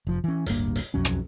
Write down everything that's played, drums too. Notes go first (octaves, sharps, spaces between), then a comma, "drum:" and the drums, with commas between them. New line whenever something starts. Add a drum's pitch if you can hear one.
F1 F3
E3 C#4
D1 G1 G2 A#3, drum: hi-hat
drum: hi-hat
B1 F2 F#3 C#4
drum: rim click